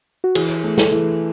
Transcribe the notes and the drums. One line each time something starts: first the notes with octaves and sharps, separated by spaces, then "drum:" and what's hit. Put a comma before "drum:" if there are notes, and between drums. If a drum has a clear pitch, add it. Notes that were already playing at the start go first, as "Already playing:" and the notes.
F#4
E3 G#4, drum: cymbal
A3
A4, drum: snare
E3